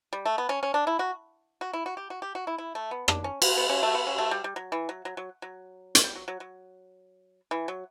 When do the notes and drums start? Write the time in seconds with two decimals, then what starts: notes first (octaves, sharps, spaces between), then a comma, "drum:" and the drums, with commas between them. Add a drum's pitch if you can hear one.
0.13 G3
0.26 A3
0.38 B3
0.49 C#4
0.63 C#4
0.74 D4
0.87 E4
0.99 F#4
1.61 F#4
1.73 E4
1.86 F#4
1.97 G4
2.10 F#4
2.22 G4
2.35 F#4
2.47 E4
2.58 E4
2.75 A3
2.91 B3
3.08 D4, drum: rim click
3.24 C#4
3.42 B3, drum: cymbal
3.57 B3
3.70 C#4
3.83 A3
3.95 B3
4.07 C#4
4.18 A3
4.31 G3
4.44 G3
4.56 F#3
4.72 E3
4.89 F#3
5.05 F#3
5.17 F#3
5.42 F#3
5.95 drum: hi-hat
6.04 G3
6.15 F#3
6.28 F#3
6.40 F#3
7.51 E3
7.68 F#3